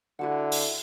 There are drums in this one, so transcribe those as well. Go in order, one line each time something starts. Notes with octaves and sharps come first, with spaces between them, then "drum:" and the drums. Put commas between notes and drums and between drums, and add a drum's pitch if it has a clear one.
D3 E4 F#4 F#5
drum: open hi-hat